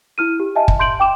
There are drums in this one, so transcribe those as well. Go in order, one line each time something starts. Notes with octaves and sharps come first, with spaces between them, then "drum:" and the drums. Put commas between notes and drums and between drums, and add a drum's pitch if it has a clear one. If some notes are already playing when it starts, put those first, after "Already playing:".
E4 F6 D#7
G4
D#5 E5 G#5 A5
drum: kick
C6 G6 D7 F#7
G5 D6 E7